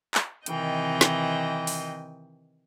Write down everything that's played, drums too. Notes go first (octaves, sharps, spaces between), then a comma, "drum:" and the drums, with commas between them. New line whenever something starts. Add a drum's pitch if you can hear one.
drum: clap
C3 D#3 E3 D#5 G5, drum: hi-hat
drum: snare
drum: open hi-hat